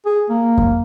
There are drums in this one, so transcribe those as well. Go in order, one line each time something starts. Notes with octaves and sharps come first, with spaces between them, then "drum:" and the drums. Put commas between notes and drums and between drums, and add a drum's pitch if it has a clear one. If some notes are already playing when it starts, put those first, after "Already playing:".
G#4
A#3
drum: kick F2